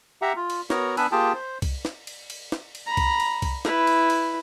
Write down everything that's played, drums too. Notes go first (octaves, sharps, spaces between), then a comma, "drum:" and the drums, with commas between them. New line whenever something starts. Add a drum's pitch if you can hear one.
G4 E5 F#5 A#5
F4
drum: cymbal
B3 F#4 A#4 C#5 A#5, drum: snare
B3 D4 G#5 B5 E6 F#6, drum: cymbal
A#3 F4 G4 G#4 G5 A5
C5
drum: kick, cymbal
drum: snare
drum: cymbal
drum: cymbal
drum: snare
drum: cymbal
A#5 B5
drum: kick, cymbal
drum: cymbal
drum: kick, cymbal
E4 B4, drum: snare
drum: cymbal
drum: cymbal